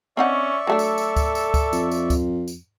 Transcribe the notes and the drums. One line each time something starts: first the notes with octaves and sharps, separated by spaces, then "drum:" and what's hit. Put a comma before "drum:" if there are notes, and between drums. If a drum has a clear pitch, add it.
C4 C#4 D#4 D5 E5 F#5 C#6
F#3 A3 D4 A4
drum: tambourine
drum: tambourine
drum: kick C#2, tambourine
drum: tambourine
drum: kick C#2, tambourine
F2, drum: tambourine
drum: tambourine
drum: kick C#2, tambourine
drum: tambourine